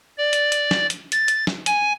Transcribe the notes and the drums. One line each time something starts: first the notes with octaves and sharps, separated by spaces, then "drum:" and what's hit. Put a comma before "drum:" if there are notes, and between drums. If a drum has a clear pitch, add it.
D5
drum: hi-hat
drum: hi-hat
drum: snare
drum: hi-hat
A6, drum: hi-hat
drum: hi-hat
drum: snare
G#5, drum: hi-hat